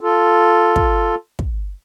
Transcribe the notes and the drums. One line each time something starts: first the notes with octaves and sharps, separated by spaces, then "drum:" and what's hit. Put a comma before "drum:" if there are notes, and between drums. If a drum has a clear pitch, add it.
F4 A4
drum: kick
drum: kick